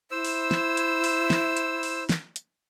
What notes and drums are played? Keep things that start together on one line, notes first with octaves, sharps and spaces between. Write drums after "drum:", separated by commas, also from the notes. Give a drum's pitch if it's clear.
E4 C5 E6
drum: open hi-hat
drum: snare
drum: hi-hat
drum: open hi-hat
drum: snare
drum: hi-hat
drum: open hi-hat
drum: snare
drum: hi-hat